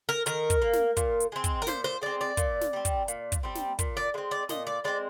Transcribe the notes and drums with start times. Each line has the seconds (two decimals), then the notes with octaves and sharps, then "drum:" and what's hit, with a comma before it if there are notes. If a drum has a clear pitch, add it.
0.09 A#4
0.26 D#3 A#4, drum: hi-hat
0.50 drum: kick, hi-hat
0.62 A#3
0.73 drum: snare
0.97 A#2, drum: kick, hi-hat
1.20 drum: hi-hat
1.32 G#3 C4
1.44 drum: kick, hi-hat
1.62 A#4
1.67 A#2 C5, drum: snare
1.84 C5
2.02 G#3 C4 D5
2.21 D5
2.37 A#2, drum: kick, hi-hat
2.61 drum: snare
2.73 G3 C4
2.85 drum: kick, hi-hat
3.08 A#2, drum: hi-hat
3.32 drum: kick, hi-hat
3.43 G3 C4
3.55 drum: snare
3.79 A#2, drum: kick, hi-hat
3.97 D5
4.14 G#3 C4
4.31 D5
4.49 A#2 D#5, drum: snare
4.67 D5
4.84 G#3 C4 D5